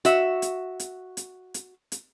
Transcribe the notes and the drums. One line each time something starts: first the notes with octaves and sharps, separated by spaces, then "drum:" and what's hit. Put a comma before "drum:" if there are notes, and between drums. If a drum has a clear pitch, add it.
F#4 E5, drum: hi-hat
drum: hi-hat
drum: hi-hat
drum: hi-hat
drum: hi-hat
drum: hi-hat